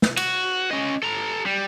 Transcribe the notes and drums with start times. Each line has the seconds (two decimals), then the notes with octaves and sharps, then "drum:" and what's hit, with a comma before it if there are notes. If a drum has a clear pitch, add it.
0.02 drum: snare
0.17 F#4, drum: cymbal
0.71 C#4 D#5
1.03 A4 A#5
1.46 G3